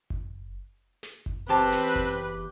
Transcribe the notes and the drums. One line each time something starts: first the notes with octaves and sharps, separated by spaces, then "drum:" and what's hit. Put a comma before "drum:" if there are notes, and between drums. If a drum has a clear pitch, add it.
drum: kick F#1
drum: snare
drum: kick F#1
E2 C4 G4 B4 A5
drum: snare
drum: kick F#1